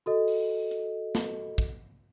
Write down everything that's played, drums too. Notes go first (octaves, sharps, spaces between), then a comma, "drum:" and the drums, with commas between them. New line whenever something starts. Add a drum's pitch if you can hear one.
F#4 A4 D#5
drum: open hi-hat
drum: hi-hat
drum: snare
drum: kick, hi-hat